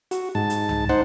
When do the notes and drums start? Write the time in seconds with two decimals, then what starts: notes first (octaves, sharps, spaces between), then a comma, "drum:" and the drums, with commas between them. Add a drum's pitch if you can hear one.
0.11 F#4, drum: hi-hat
0.35 G#2 A5
0.50 drum: hi-hat
0.69 drum: tom
0.89 D#4 C5 F#5, drum: snare